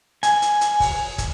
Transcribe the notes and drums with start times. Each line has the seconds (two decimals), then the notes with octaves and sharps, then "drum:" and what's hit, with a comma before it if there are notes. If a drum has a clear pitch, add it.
0.23 G#5, drum: hi-hat
0.42 drum: hi-hat
0.61 drum: hi-hat
0.80 drum: kick, open hi-hat
1.18 drum: kick, hi-hat